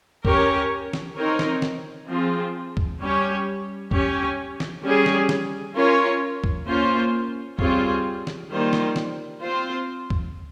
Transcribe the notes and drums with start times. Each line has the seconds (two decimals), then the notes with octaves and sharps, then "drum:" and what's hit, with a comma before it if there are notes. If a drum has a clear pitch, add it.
0.25 C#4 G4 A#4 C#5, drum: kick
0.93 drum: snare
1.16 C4 D#4 A#4 C#5
1.39 drum: snare
1.62 drum: snare
2.08 F3 C4 F4 G#4
2.77 drum: kick
3.00 G3 C#4 G4 C#5
3.91 C#4 G4 C#5, drum: kick
4.60 drum: snare
4.83 G3 C#4 G#4
5.06 drum: snare
5.29 drum: snare
5.75 C#4 F4 A#4 C#5
6.44 drum: kick
6.67 A#3 C#4 F4 C5
7.59 G3 C4 F4 G#4 C#5, drum: kick
8.27 drum: snare
8.50 D#3 G3 A#3 F4 C5
8.73 drum: snare
8.96 drum: snare
9.41 C4 F4 C5
10.10 drum: kick